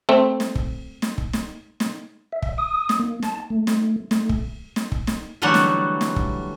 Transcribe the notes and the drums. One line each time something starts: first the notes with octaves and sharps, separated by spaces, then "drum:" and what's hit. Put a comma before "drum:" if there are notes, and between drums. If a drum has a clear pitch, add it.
A3 C4
drum: snare
drum: kick
drum: snare
drum: kick
drum: snare
drum: snare
E5
drum: kick
D#6
drum: snare
A#3
A5, drum: snare
A3
drum: snare
A3, drum: snare
drum: kick
drum: snare
drum: kick
drum: snare
D3 E3 F#3 G3 A3 F#5
drum: snare
drum: snare
drum: kick